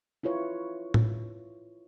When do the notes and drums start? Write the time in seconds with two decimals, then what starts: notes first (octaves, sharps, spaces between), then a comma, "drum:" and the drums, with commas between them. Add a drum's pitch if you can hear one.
0.23 E4 F4 B4 C#5
0.94 drum: tom A2